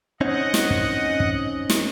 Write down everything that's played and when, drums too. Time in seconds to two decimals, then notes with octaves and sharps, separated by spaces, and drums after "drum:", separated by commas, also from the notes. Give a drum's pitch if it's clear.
0.21 C4 C#4 D#4 D#5 F#5
0.54 drum: snare
0.70 drum: kick
1.20 drum: kick
1.70 drum: snare